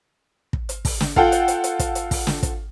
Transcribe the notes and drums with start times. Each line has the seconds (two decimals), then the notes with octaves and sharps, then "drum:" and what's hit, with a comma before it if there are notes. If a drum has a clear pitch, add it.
0.53 drum: kick
0.69 drum: hi-hat
0.85 drum: kick, open hi-hat
1.00 drum: snare
1.16 F4 A4 F#5 G5, drum: kick
1.32 drum: hi-hat
1.48 drum: hi-hat
1.64 drum: hi-hat
1.79 drum: kick, hi-hat
1.95 drum: hi-hat
2.11 drum: kick, open hi-hat
2.27 drum: snare
2.43 drum: kick, hi-hat